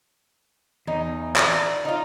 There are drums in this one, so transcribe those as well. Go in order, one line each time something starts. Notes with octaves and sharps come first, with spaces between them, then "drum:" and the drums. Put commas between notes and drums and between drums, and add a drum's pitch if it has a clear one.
E2 D#4
D5, drum: clap
D#4 F4